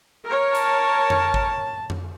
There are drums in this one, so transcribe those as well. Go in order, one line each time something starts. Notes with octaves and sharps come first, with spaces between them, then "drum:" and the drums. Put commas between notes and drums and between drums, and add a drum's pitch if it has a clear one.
A#4 C#5
A5, drum: hi-hat
drum: tom F2
drum: kick G#1
drum: tom F2